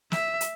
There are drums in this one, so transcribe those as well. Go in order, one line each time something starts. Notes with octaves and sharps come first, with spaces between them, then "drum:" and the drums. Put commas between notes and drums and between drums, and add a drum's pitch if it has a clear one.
E5, drum: snare
drum: hi-hat